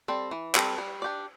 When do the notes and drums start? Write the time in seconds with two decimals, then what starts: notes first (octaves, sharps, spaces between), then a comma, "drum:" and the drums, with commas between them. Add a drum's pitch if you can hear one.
0.08 G3 C4 A4
0.31 E3
0.55 G3 C4 A4, drum: clap
0.78 G3
1.02 D4 G4 D5